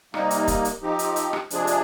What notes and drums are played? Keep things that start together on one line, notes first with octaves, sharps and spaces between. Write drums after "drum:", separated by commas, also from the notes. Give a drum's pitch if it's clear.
C3 G3 A#3 D#4, drum: rim click
drum: hi-hat
drum: kick, hi-hat
drum: hi-hat
F3 C4 D#4 G4
drum: hi-hat
drum: hi-hat
drum: rim click
C3 F3 G#3 D4 G#4, drum: hi-hat
drum: hi-hat